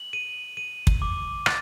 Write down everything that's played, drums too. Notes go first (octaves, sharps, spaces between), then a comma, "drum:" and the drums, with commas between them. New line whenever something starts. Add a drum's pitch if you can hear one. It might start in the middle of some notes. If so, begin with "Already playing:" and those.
Already playing: F#7
D#7
D#7
drum: kick
D6
A6, drum: rim click